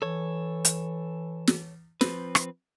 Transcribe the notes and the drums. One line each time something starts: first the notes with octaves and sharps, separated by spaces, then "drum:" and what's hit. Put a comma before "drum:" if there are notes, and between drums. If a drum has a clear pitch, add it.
E3 A4 C#5
drum: hi-hat
drum: snare
F3 C4 B4, drum: snare
drum: rim click